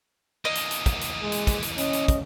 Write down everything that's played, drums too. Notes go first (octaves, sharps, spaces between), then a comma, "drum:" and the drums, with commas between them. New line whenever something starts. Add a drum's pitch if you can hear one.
E3 A#3 D#5
drum: hi-hat
drum: hi-hat
drum: kick, hi-hat
drum: hi-hat
G#3
drum: hi-hat
drum: kick, hi-hat
drum: hi-hat
C#4 D#5, drum: hi-hat
drum: hi-hat
drum: kick, hi-hat